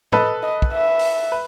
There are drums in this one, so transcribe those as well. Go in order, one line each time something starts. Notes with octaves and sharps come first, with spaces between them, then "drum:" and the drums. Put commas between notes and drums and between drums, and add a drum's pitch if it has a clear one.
A4 B4 D#5, drum: tom A2
D#5
drum: kick
E5
drum: open hi-hat
B4